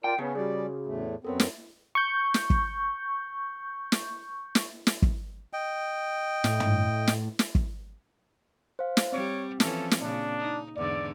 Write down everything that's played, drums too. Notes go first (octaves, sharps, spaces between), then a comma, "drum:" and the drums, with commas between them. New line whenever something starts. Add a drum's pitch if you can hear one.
F4 A#4 D5 G5
C#3 B3 C#4 C#5 A5 C#7
G3 F#4 G#4 D5
E2 A2 A3
F#2 B3 C4 A4 A#4 C#5
drum: snare
C#6 G6
drum: snare
drum: kick
drum: snare
drum: snare
drum: snare
drum: kick
D#5 G5
A2, drum: snare
drum: tom
drum: snare
drum: snare
drum: kick
C5 F5
drum: snare
G3 C4 C#5
E3 F3 C#4 A4, drum: snare
drum: snare
A#2 C#3 D4
D#4
E2 G#2 D3 D5